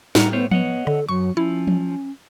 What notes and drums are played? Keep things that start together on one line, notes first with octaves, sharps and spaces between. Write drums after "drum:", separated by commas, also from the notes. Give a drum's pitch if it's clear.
A2 G3 F#5 A#5 F6, drum: snare
A3 B3 C5 C#5
B3 C#5 D#5 F#5, drum: tom F3
D3 A4
F#2 F#3 C#6
F3 C#4 E4
drum: tom F3